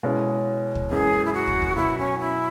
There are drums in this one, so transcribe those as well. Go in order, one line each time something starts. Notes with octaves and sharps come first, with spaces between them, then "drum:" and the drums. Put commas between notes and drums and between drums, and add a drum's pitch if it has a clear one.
B2 G#3 C#4 E4
drum: kick
F#2 E3 G#3 G#4
E4
F#4
drum: kick
drum: kick
B2 F#3 B3 E4
C#4
E4